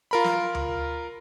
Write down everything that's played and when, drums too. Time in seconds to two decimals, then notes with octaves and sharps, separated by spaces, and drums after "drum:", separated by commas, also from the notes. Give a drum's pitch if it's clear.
0.11 F4 A#4 B5
0.24 drum: snare
0.55 drum: tom D2